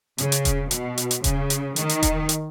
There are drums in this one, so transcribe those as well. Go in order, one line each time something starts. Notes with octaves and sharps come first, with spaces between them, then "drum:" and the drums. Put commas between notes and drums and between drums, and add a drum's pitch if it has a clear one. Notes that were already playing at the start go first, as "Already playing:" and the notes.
C#3, drum: hi-hat
drum: hi-hat
drum: kick E1, hi-hat
B2, drum: hi-hat
drum: hi-hat
drum: hi-hat
C#3, drum: kick E1, hi-hat
drum: hi-hat
D#3, drum: hi-hat
drum: hi-hat
drum: kick E1, hi-hat
drum: hi-hat